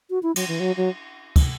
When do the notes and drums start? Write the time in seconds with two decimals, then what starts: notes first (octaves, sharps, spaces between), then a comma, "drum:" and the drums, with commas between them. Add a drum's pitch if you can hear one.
0.10 F#4
0.23 E4
0.36 F#3, drum: cymbal
0.48 E3
0.60 F#3
0.77 F#3
1.36 drum: kick, cymbal